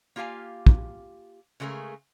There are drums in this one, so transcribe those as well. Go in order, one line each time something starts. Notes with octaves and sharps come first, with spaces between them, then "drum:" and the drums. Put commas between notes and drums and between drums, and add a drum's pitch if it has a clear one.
A#3 F4 G4 F5 G#5
drum: kick
C#3 G#3 A3 G#4 A#4